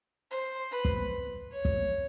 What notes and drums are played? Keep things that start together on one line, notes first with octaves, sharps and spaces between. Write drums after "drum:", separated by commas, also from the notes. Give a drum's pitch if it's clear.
C5
B4
drum: kick
C#5
drum: kick